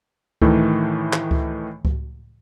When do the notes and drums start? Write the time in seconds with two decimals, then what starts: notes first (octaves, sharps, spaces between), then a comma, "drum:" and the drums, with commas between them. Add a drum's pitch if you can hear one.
0.42 A2 D#3 E3 A3, drum: kick C#2
1.13 drum: clap
1.31 drum: kick C#2
1.85 drum: kick C#2